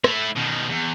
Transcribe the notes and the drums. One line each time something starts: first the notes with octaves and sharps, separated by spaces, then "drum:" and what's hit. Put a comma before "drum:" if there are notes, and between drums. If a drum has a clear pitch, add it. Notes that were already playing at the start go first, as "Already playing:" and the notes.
A3 E4, drum: rim click
B2 D#3
E2